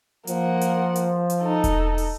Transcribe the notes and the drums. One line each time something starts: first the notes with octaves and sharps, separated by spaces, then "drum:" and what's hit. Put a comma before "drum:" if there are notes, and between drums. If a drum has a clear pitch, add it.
F3 A#3 F#5, drum: hi-hat
drum: hi-hat
drum: hi-hat
drum: hi-hat
D#4 A4
drum: kick E1, hi-hat
drum: open hi-hat